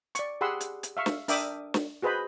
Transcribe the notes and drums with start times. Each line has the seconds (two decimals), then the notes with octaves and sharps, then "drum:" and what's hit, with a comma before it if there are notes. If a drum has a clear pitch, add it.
0.15 D5 C#6, drum: hi-hat
0.41 G4 G#4 F#5 B5 C6 E6
0.60 drum: hi-hat
0.83 drum: hi-hat
0.97 E5 F5 C#6
1.06 drum: snare
1.28 D4 A#4 E5 G5 D6 D#6, drum: open hi-hat
1.74 drum: snare
2.02 F#4 G#4 B4 C5 D#5 B5